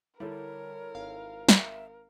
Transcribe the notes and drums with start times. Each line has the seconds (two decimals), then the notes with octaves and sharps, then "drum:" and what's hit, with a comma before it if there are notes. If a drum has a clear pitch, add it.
0.20 D3 G3 E4 A4 A#4 C#5
0.95 G#1 F5
1.49 E5, drum: snare